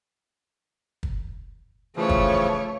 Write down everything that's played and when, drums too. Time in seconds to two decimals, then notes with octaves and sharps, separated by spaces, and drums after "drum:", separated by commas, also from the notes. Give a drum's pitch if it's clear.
1.03 drum: kick
1.96 C#3 E3 F3 A3 C#5
2.09 drum: kick